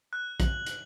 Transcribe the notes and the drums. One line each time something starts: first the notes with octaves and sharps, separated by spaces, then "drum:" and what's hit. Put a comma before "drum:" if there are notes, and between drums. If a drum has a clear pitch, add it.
F#6
F#7, drum: kick, hi-hat
F#7, drum: hi-hat